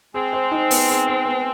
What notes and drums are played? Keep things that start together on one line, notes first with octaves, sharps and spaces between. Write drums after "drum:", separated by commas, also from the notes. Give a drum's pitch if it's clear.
G#3 C4 G#4
C5
D#4
B3, drum: open hi-hat
G#4
C5
B3